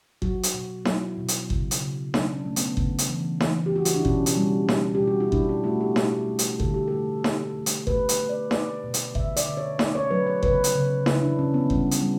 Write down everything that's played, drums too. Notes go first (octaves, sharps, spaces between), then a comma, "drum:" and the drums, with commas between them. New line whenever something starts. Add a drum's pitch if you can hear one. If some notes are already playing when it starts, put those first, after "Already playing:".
F#3 F#4, drum: kick G1
drum: hi-hat
B2
F#3 E4, drum: snare D#4
B2
drum: hi-hat
C#3, drum: kick G1
drum: hi-hat
C#3
F#3 D4, drum: snare D#4
C#4
A3
B3, drum: hi-hat
C#3, drum: kick G1
drum: hi-hat
E3
E3, drum: snare D#4
G4
E3 F#4
E4, drum: hi-hat
D4
B2 C#4, drum: kick G1
drum: hi-hat
G3
B2, drum: snare D#4
G4
B2
F#4
E4
B2 D4, drum: kick G1
E4
A3 F#4
G4
B2, drum: snare D#4
A3
drum: hi-hat
D3 A4, drum: kick G1
G4
A3 A4
A3, drum: snare D#4
A3
drum: hi-hat
A3 B4, drum: kick G1
drum: hi-hat
A3
D5
B2 D5, drum: snare D#4
B2
drum: hi-hat
D3 E5, drum: kick G1
D5, drum: hi-hat
D3
C#5
A3 D5, drum: snare D#4
C#5
F#3 B4
C#5
C#3 B4, drum: kick G1
drum: hi-hat
C#3
C#3 E4, drum: snare D#4
D4
C#3 C#4
B3
G3 C#4, drum: kick G1
drum: hi-hat
G3